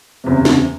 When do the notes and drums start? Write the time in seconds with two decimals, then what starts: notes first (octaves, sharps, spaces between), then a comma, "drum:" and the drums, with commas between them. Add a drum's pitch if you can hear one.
0.24 F#1 E2 C3
0.45 drum: snare